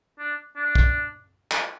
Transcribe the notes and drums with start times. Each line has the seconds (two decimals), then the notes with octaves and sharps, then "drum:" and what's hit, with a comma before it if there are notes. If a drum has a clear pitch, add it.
0.19 D4
0.56 D4
0.75 drum: kick
1.51 drum: clap